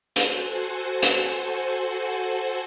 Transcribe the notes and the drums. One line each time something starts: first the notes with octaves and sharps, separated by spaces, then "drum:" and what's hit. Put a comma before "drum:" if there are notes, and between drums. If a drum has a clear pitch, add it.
F#4 A4 C5 F#5 G#5, drum: hi-hat
drum: hi-hat